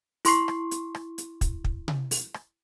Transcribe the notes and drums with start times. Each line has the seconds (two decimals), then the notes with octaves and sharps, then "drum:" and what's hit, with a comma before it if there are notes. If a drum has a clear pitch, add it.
0.25 E4 C6 C#6 C7, drum: open hi-hat
0.48 drum: rim click
0.71 drum: hi-hat
0.95 drum: rim click
1.18 drum: hi-hat
1.41 drum: kick, hi-hat
1.64 drum: kick
1.88 drum: tom C3
2.11 drum: open hi-hat
2.34 drum: rim click